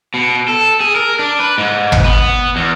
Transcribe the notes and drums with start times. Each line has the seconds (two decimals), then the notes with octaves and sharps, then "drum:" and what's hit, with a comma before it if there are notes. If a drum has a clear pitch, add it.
0.14 B2
0.48 A4
0.80 G#4
0.95 A#4
1.19 D4
1.40 B4
1.58 G#2
1.92 drum: tom G#1
2.04 B3
2.56 E2